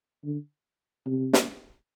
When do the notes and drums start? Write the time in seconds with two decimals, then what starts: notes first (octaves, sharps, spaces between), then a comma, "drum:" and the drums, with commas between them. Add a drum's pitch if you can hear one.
0.25 D3
1.06 C3
1.33 drum: snare